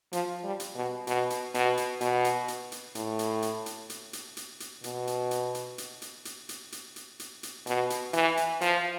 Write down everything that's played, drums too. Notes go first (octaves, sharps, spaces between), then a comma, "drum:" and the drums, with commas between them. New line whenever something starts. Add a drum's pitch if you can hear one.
F3, drum: hi-hat
G3
drum: hi-hat
B2
B2, drum: hi-hat
drum: hi-hat
B2, drum: hi-hat
drum: hi-hat
B2, drum: hi-hat
drum: hi-hat
drum: hi-hat
drum: hi-hat
A2, drum: hi-hat
drum: hi-hat
drum: hi-hat
drum: hi-hat
drum: hi-hat
drum: hi-hat
drum: hi-hat
drum: hi-hat
B2, drum: hi-hat
drum: hi-hat
drum: hi-hat
drum: hi-hat
drum: hi-hat
drum: hi-hat
drum: hi-hat
drum: hi-hat
drum: hi-hat
drum: hi-hat
drum: hi-hat
drum: hi-hat
B2, drum: hi-hat
drum: hi-hat
E3, drum: hi-hat
drum: hi-hat
F3, drum: hi-hat